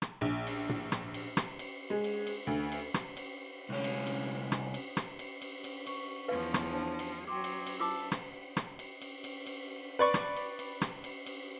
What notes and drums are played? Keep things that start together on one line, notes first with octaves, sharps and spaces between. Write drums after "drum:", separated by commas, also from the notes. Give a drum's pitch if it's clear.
drum: rim click
A#1
drum: cymbal
drum: tom
drum: rim click
drum: cymbal
drum: rim click
drum: cymbal
G#3
drum: cymbal
drum: cymbal
D2
drum: cymbal
drum: rim click
drum: cymbal
C2 C#4
drum: cymbal
drum: cymbal
drum: rim click
drum: cymbal
drum: rim click
drum: cymbal
drum: cymbal
drum: cymbal
C#6, drum: cymbal
E2 F3 C#4 B4 F5
drum: rim click
D4 C5 A5
drum: cymbal
F#3 G5 C6 D6
drum: cymbal
drum: cymbal
E4 F4 A5 D6 E6
drum: rim click
drum: rim click
drum: cymbal
drum: cymbal
drum: cymbal
drum: cymbal
B4 D5 C#6
drum: rim click
drum: cymbal
drum: cymbal
drum: rim click
drum: cymbal
drum: cymbal